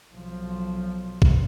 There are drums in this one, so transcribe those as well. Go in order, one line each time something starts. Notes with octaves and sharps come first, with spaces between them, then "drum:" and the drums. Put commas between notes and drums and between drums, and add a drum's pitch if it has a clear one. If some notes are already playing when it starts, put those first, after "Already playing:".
B1 F3
drum: kick A#1